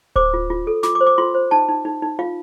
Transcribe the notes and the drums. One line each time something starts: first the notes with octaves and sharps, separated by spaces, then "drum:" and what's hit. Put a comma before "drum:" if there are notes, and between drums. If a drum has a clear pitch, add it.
C5 D6, drum: kick D1
F4
F4
A4
F4 D6, drum: snare
D6
C5
D6
F4 C6
C5
D#4 A5
D#4
D#4
D#4
F4 F5